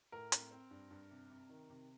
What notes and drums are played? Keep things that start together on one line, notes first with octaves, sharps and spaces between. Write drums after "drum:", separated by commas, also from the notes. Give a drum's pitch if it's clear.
A2 A#4
C4, drum: hi-hat
C4
G2
G2
C3
C3
D#3
C3